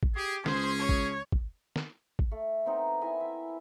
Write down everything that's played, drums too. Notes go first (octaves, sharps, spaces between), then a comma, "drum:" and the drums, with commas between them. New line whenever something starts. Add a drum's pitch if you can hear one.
drum: kick
G4 G#4
C#2 C#4 G#4 C5, drum: snare
C#5
drum: kick
drum: kick
drum: snare
drum: kick
A3
B3 C4 D#4 A#4
E4 D#5 G#5
E5